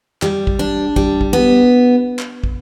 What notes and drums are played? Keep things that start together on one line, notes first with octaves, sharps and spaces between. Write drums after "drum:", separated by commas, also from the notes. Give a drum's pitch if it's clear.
G3, drum: clap
drum: kick
D4
G3, drum: kick
drum: kick
B3
drum: clap
drum: kick